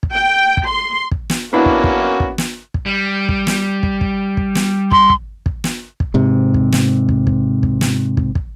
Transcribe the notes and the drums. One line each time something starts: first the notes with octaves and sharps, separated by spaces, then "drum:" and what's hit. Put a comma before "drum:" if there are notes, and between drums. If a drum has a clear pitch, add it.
drum: kick
G5
drum: kick
C6
drum: kick
drum: snare
A#3 B3 C#4 D4 E4 F#4
drum: kick
drum: kick
drum: kick
drum: snare
drum: kick
G3
drum: kick
drum: snare
drum: kick
drum: kick
drum: kick
drum: snare
C6, drum: kick
drum: kick
drum: kick
drum: snare
drum: kick
G#2 C3
drum: kick
drum: snare
drum: kick
drum: kick
drum: kick
drum: snare
drum: kick
drum: kick